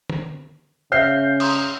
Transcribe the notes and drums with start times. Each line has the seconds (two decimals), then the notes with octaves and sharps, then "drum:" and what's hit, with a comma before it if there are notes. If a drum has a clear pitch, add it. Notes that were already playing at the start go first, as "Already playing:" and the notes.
0.10 drum: tom
0.92 C#3 C#5 E5 F5 F6 G6 C7
1.40 A#5 C6 D#6, drum: cymbal